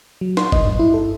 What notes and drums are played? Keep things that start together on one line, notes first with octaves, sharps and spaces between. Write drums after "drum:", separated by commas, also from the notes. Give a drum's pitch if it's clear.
F#3
C6, drum: snare
D#5, drum: kick G1
G2
E4
A4